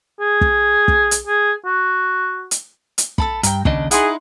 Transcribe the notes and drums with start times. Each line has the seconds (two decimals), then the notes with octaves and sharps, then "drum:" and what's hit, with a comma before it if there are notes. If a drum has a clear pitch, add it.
0.20 G#4
0.41 drum: kick
0.88 drum: kick
1.11 drum: hi-hat
1.27 G#4
1.65 F#4
2.51 drum: hi-hat
2.98 drum: hi-hat
3.18 A4 A5 B5, drum: kick
3.43 G2 G5 A#5, drum: hi-hat
3.65 D#2 C#3 D4 D#5, drum: kick
3.91 D#4 E4 G#4 F#5 C6, drum: hi-hat